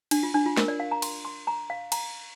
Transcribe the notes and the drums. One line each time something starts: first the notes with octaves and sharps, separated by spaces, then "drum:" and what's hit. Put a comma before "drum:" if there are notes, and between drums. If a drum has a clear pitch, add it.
D4, drum: cymbal
F4
D4
F4
A#4, drum: snare
D5
F5
A#5
C6, drum: cymbal
C6
A#5
F5
A#5, drum: cymbal